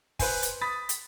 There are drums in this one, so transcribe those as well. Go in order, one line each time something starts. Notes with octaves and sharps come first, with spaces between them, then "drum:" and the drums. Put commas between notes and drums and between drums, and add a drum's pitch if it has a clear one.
B4 C5 G#5, drum: kick, open hi-hat
drum: hi-hat
B5 D#6 A6 B6
drum: hi-hat